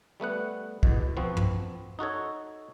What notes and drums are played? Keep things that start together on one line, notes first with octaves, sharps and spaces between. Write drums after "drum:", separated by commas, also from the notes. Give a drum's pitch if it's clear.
G3 A3 B3 F#5
E2 B2, drum: kick B1
F3 B3 C4 F#4
drum: tom
D#4 F#4 A4 C#5